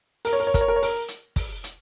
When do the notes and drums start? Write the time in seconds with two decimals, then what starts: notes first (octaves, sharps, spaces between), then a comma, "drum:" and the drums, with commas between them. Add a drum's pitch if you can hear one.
0.25 A#4, drum: open hi-hat
0.33 C#5
0.40 A#4
0.47 C#5
0.54 A#4, drum: kick, hi-hat
0.61 C#5
0.68 A#4
0.76 C#5
0.83 A#4, drum: open hi-hat
1.08 drum: hi-hat
1.36 drum: kick, open hi-hat
1.64 drum: hi-hat